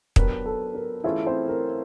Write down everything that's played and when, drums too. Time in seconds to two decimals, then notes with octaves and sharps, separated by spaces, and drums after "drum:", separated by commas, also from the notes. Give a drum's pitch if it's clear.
0.16 F#3 B3 D4 G4 A#4 B4, drum: kick
0.46 A4
0.75 A#4
1.04 E3 A3 C#4 E4 F4 G#4 E5
1.27 C4 C5
1.48 A#4